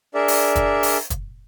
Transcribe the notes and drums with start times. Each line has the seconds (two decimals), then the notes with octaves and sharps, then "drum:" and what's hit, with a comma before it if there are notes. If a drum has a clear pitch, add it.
0.15 D4 G#4 A#4 D5 E5
0.28 drum: open hi-hat
0.56 drum: kick, hi-hat
0.83 drum: open hi-hat
1.10 drum: kick, hi-hat